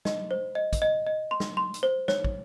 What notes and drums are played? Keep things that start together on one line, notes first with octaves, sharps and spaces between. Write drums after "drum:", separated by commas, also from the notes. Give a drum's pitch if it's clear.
D#5, drum: snare
C5
D#5
drum: kick, hi-hat
D#5
D#5
C6
drum: snare
C6
drum: hi-hat
C5
C#5, drum: snare
drum: kick